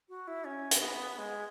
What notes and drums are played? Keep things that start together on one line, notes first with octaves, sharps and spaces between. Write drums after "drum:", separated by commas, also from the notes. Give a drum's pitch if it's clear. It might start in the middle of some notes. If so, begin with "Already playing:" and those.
F#4
E4
C#4
drum: hi-hat
B3
G#3